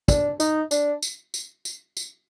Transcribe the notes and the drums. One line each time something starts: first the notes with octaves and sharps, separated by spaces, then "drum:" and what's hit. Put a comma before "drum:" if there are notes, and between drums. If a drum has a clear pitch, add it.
D4, drum: kick, tambourine
D#4, drum: tambourine
D4, drum: tambourine
drum: tambourine
drum: tambourine
drum: tambourine
drum: tambourine